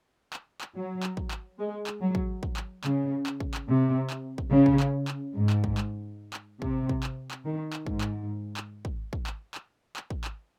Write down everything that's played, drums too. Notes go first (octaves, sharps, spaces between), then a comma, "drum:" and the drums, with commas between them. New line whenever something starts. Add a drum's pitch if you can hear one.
drum: clap
drum: clap
F#3
drum: clap
drum: kick
drum: clap
G#3
drum: clap
F#3
drum: kick
drum: kick
drum: clap
C#3, drum: clap
drum: clap
drum: kick
drum: clap
C3
drum: clap
drum: kick
C#3
drum: kick
drum: clap
drum: clap
G#2
drum: clap
drum: kick
drum: clap
drum: clap
C3, drum: kick
drum: kick
drum: clap
drum: clap
D#3
drum: clap
G#2, drum: kick
drum: clap
drum: clap
drum: kick
drum: kick
drum: clap
drum: clap
drum: clap
drum: kick
drum: clap